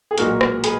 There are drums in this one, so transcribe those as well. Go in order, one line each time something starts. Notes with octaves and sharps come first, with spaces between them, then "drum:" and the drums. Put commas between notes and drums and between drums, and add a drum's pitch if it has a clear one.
G#4
B1 A#2 G#3 F#4 A#4, drum: hi-hat
drum: rim click
G#4 B4, drum: hi-hat